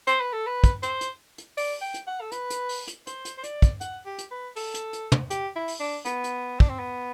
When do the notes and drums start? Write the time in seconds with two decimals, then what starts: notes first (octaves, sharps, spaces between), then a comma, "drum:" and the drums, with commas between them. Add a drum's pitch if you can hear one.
0.07 C5, drum: hi-hat
0.21 B4
0.33 A4
0.47 B4
0.64 drum: kick, hi-hat
0.83 C5, drum: hi-hat
1.01 drum: hi-hat
1.38 drum: hi-hat
1.58 D5, drum: open hi-hat
1.82 G5
1.94 drum: hi-hat
2.07 F#5
2.21 A4
2.32 B4, drum: hi-hat
2.50 drum: hi-hat
2.69 drum: open hi-hat
2.88 drum: hi-hat
3.07 C5, drum: hi-hat
3.25 drum: hi-hat
3.38 C5
3.44 D5, drum: hi-hat
3.62 drum: kick, hi-hat
3.81 F#5, drum: hi-hat
4.06 G4
4.18 drum: hi-hat
4.31 B4
4.56 A4, drum: open hi-hat
4.74 drum: hi-hat
4.93 drum: hi-hat
5.12 drum: tom
5.30 G4, drum: hi-hat
5.56 E4
5.68 drum: open hi-hat
5.80 D4
6.05 B3, drum: hi-hat
6.24 drum: hi-hat
6.60 D4, drum: kick
6.70 C4
6.79 B3